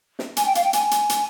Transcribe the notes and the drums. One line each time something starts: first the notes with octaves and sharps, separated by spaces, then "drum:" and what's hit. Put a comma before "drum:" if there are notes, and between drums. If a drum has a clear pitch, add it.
drum: snare
G#5, drum: hi-hat
G5
F5, drum: hi-hat
G5
G#5, drum: hi-hat
drum: hi-hat
drum: hi-hat